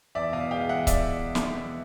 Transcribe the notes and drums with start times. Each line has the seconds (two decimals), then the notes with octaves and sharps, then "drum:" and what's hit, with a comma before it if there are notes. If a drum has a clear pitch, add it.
0.15 E2 D5 E5
0.33 B2 D#5 F5
0.51 G#3 F5 G5
0.69 E2 E5 F#5
0.87 D5 E5, drum: kick C#1, hi-hat
1.35 drum: snare